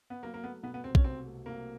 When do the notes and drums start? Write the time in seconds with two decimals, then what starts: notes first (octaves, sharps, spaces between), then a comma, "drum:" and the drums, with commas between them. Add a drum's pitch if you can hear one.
0.10 B3
0.23 F#3 A#3
0.34 A#3
0.43 A3 B3
0.63 B2 B3
0.74 B3
0.84 C2 C4
0.95 C#4, drum: kick A#1
1.04 C2 C4
1.26 A3
1.46 C2 A#3